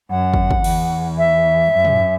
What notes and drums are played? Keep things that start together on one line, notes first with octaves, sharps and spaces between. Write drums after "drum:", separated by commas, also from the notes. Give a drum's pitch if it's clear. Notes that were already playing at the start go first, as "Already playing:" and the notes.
F#2 F#5
drum: kick
drum: kick
E2, drum: cymbal
E5
F#2
drum: tom